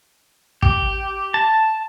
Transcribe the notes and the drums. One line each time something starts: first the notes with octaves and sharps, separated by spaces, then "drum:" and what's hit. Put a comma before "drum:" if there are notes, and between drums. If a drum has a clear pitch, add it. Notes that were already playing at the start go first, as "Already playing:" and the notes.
G4, drum: kick
A5